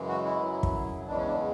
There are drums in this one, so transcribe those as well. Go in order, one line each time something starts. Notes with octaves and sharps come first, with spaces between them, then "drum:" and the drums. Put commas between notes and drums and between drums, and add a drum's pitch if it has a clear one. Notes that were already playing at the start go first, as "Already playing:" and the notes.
Already playing: F#2 C#3 E3 G#3
F#4
E4
F#2 C#3 F#3
drum: kick
E2 C#3 E3 G#3 D4
C#4
D4